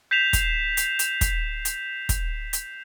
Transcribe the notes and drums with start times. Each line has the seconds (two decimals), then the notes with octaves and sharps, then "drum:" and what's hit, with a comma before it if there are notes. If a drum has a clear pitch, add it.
0.11 G6 B6 C7 E7 F7
0.33 drum: kick, hi-hat
0.77 drum: hi-hat
0.99 drum: hi-hat
1.21 drum: kick, hi-hat
1.65 drum: hi-hat
2.09 drum: kick, hi-hat
2.53 drum: hi-hat